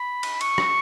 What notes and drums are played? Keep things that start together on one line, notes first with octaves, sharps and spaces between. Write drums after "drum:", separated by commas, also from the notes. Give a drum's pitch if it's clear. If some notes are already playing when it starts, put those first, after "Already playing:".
Already playing: B5
drum: cymbal
C#6, drum: cymbal
drum: rim click